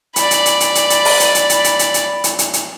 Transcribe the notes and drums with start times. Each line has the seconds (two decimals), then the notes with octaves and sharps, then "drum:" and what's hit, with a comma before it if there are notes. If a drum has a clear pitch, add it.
0.16 D5 B5, drum: hi-hat
0.31 drum: hi-hat
0.46 drum: hi-hat
0.60 drum: hi-hat
0.75 drum: hi-hat
0.90 drum: hi-hat
1.05 drum: open hi-hat
1.20 drum: hi-hat
1.35 drum: hi-hat
1.49 drum: hi-hat
1.64 drum: hi-hat
1.79 drum: hi-hat
1.94 drum: hi-hat
2.24 drum: hi-hat
2.39 drum: hi-hat
2.53 drum: hi-hat